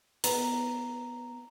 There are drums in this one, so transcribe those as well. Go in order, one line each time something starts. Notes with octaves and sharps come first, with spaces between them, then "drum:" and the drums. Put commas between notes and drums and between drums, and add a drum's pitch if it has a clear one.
B3 A#5, drum: hi-hat